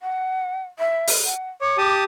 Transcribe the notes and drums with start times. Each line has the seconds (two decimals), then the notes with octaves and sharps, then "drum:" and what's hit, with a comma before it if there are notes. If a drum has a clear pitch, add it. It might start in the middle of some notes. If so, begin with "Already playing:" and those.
0.01 F#5
0.79 E5
1.07 drum: open hi-hat
1.25 F#5
1.61 C#5 D6
1.78 G4 A5 D#6